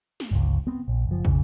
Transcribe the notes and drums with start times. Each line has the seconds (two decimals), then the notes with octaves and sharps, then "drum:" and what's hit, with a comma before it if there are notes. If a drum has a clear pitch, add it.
0.20 drum: snare
0.31 G1 C#2
0.67 B3 C4
0.88 A#1
1.07 F#1 F3
1.25 B1 F2 C#3, drum: kick